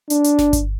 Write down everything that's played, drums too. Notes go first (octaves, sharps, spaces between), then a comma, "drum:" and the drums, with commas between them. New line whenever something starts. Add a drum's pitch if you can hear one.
D4, drum: hi-hat
drum: hi-hat
drum: snare F#1
drum: kick G1, hi-hat